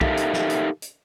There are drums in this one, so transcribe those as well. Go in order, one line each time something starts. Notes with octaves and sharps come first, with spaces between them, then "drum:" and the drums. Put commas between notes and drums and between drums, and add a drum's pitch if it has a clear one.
D#4 G4 A4 A#4 E5 F5, drum: kick
drum: hi-hat
drum: snare
drum: hi-hat
drum: hi-hat